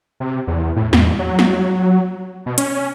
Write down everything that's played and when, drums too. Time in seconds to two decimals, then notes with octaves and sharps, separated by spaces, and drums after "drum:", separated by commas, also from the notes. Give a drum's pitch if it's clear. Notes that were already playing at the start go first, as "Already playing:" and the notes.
0.20 C3
0.47 E2
0.76 A2
0.93 E2, drum: snare
1.19 F#3
1.39 drum: snare
2.46 B2
2.58 C#4, drum: hi-hat